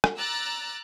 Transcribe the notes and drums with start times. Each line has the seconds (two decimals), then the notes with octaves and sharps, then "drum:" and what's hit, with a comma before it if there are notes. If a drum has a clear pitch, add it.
0.04 drum: rim click
0.18 A#5 D6 E6 F#6 A6